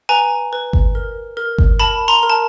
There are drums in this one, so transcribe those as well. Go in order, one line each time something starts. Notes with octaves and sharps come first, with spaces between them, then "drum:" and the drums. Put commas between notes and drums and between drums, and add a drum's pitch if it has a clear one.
B4 G#5 A#5
B4
drum: kick G1
A#4
A#4
drum: kick G1
A#4 A5 B5
A#5 C6
A#4
A5